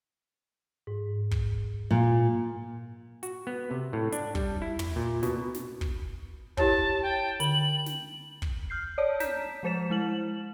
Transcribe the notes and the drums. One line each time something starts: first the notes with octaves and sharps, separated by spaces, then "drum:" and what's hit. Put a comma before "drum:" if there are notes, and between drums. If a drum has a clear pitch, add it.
G#2
drum: kick
A#2
F#4, drum: hi-hat
B3
C3
A2
D4, drum: hi-hat
G3, drum: kick
E4
drum: tom
A#2
B2, drum: snare
drum: snare
drum: kick
E4 G4 C#5 A5, drum: kick
G5
D3 F#7, drum: hi-hat
drum: snare
drum: kick
F6 G6 C7
C#5 D5 A5
A#5 G6 B6 E7, drum: snare
F3 G#3 C5 A6 E7
G#3 E4 F#7